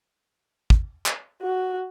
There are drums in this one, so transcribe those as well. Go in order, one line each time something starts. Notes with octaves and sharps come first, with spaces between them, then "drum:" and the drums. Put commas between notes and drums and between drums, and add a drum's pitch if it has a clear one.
drum: kick
drum: clap
F#4